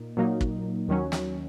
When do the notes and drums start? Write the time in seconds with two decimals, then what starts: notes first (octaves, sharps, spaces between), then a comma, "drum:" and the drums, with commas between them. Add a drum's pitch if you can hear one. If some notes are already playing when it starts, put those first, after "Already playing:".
Already playing: A#2 A#3 D#4
0.17 A#2 F#3 A#3 D#4
0.41 drum: kick
0.88 D#2 D#3 F#3 C#4
1.12 drum: snare